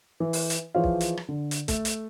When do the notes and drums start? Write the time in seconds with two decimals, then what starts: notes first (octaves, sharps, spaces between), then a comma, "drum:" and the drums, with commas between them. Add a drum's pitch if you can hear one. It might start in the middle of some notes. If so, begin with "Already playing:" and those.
0.20 E3
0.33 drum: open hi-hat
0.50 drum: hi-hat
0.75 E3 F3 G#4 C5 C#5 F5
0.84 drum: kick
1.01 drum: hi-hat
1.17 drum: rim click
1.29 D3
1.51 drum: hi-hat
1.68 A3, drum: kick, hi-hat
1.85 drum: hi-hat